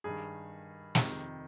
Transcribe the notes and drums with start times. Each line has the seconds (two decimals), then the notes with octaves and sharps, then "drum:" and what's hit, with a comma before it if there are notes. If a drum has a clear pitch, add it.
0.04 G2 D#3 G#4
0.95 F2 C3 D#3, drum: snare